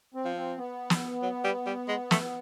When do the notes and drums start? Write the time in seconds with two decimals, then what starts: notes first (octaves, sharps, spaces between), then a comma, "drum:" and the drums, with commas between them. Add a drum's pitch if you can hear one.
0.14 C4
0.25 F3
0.36 C4
0.58 B3
0.90 drum: snare
1.23 F#3
1.44 G3
1.66 G3
1.88 G#3
2.11 A3, drum: snare